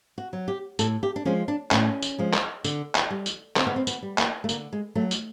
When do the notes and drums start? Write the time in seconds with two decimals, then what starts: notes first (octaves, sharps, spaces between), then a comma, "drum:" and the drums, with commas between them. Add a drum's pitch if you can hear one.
0.18 F#4
0.33 F#3
0.48 G4
0.79 A2 A4, drum: tambourine
1.03 G4
1.16 D4
1.25 F3 G#3 C#4
1.48 D4
1.71 A2 C#4, drum: clap
2.02 drum: tambourine
2.18 F3 G#3
2.33 drum: clap
2.64 D3, drum: tambourine
2.95 drum: clap
3.10 G3
3.26 drum: tambourine
3.56 D3 C4, drum: clap
3.67 B3
3.76 C4
3.87 B3, drum: tambourine
4.02 G3
4.18 A#3, drum: clap
4.44 A3
4.49 D3 A#3, drum: tambourine
4.73 G#3
4.95 F#3 A3
5.11 drum: tambourine